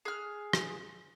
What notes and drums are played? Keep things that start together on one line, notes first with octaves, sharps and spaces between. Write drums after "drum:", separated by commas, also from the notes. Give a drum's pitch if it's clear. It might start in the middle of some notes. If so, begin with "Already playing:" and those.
G#4 F6
drum: rim click